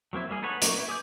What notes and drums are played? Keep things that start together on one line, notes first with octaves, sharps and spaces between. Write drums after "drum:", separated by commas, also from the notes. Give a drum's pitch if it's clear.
F#3 A#3 C4 E4
G3 A#3 G#4
D#4 A4 B4 C#5 F#5
F#3 A#3 C#4 D#4 C#6, drum: hi-hat
E4
G#4 D6 G6